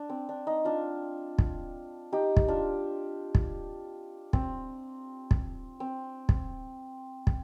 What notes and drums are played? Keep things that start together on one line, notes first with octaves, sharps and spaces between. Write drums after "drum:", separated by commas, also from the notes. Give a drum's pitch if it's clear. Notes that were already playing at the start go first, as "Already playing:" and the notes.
Already playing: D4
C4
D4
D#4
D4 F4
drum: kick
D#4 G4
drum: kick
D4 F4
drum: kick
C4, drum: kick
drum: kick
C4
drum: kick
drum: kick